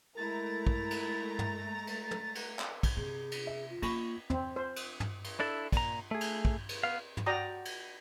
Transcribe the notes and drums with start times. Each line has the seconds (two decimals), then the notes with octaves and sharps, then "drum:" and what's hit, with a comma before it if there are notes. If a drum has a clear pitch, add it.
0.17 G#3 A3 E4 A#4 A#5 A6
0.67 drum: kick
0.91 drum: cymbal
1.39 drum: tom
1.87 drum: cymbal
2.11 drum: tom
2.35 drum: cymbal
2.59 drum: clap
2.83 drum: kick, cymbal
2.97 C3 G#4
3.32 drum: cymbal
3.47 E5
3.70 F4
3.82 A#3 B5 C#6 A#6, drum: cymbal
4.30 C4, drum: tom
4.56 C5
4.76 drum: cymbal
5.00 drum: tom
5.24 drum: cymbal
5.40 D4 E4 A4
5.72 A#2 A#5, drum: kick, cymbal
6.11 A3 G#4
6.21 drum: cymbal
6.45 drum: kick
6.69 drum: cymbal
6.84 B3 F5
7.17 drum: tom
7.26 F#4 D5 G5 A#5 D#6
7.65 drum: cymbal